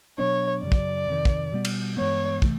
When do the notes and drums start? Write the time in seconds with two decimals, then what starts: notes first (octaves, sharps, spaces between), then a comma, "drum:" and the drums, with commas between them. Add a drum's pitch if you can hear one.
0.18 B2 F#3 B3 D4 C#5
0.63 F#2 C#3 F#3 D5
0.72 drum: kick
1.08 F2 C3 D#3
1.25 drum: kick
1.52 B2 G3 B3
1.65 drum: cymbal
1.97 G2 E3 G#3 B3 C#5
2.42 C3 E3 A3, drum: kick